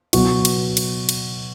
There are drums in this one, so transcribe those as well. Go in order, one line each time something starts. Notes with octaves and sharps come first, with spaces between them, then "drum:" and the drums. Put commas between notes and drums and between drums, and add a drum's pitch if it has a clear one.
B2 F#3 B3 F#4, drum: cymbal
drum: cymbal
drum: cymbal
drum: cymbal